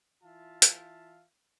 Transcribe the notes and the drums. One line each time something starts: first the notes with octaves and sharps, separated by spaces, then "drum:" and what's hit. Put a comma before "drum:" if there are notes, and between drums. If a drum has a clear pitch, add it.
E3 F4 E5 F5 A5
drum: hi-hat